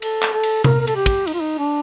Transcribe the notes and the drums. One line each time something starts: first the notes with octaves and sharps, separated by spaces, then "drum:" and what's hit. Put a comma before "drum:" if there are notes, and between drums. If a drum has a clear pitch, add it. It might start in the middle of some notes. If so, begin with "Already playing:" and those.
A4, drum: cymbal
drum: clap
A4
drum: cymbal
A#4, drum: tom C3
A#4
A4, drum: cymbal
G4
drum: kick, cymbal
D#4, drum: cymbal
F4
D#4
D4